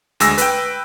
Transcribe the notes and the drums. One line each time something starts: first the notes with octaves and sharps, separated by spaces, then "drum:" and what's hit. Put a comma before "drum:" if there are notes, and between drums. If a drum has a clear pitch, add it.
D2 G#3 E6 A#6, drum: hi-hat
B4 G5, drum: hi-hat